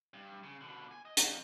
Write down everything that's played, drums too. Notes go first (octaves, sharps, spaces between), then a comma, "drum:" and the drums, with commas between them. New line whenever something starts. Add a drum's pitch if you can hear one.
G2
C#3
B2 D3
G#5
D#5
F2, drum: hi-hat